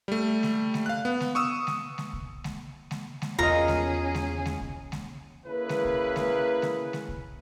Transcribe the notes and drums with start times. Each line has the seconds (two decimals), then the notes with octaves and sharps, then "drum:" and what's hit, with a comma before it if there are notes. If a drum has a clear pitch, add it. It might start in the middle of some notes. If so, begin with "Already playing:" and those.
0.08 G3 A3
0.43 drum: snare G#3
0.74 drum: snare G#3
0.86 F5 F#6
1.05 B3
1.20 drum: snare G#3
1.35 C#6 D#6 E6
1.67 drum: snare G#3
1.98 drum: snare G#3
2.13 drum: kick
2.44 drum: snare G#3
2.91 drum: snare G#3
3.22 drum: snare G#3
3.39 E2 C#4 F4 G#4 A#4 D#5 A#5, drum: kick
3.68 drum: snare G#3
4.15 drum: snare G#3
4.45 drum: snare G#3
4.61 drum: kick
4.92 drum: snare G#3
5.46 A#3 C#4 E4 G#4 B4
5.69 drum: snare G#3
5.85 drum: kick
6.16 drum: snare G#3
6.62 drum: snare G#3
6.93 drum: snare G#3
7.09 drum: kick